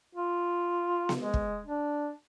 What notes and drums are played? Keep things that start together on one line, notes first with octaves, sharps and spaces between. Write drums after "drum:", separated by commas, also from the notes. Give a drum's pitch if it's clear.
F4
drum: snare B3
G#3
drum: kick
D4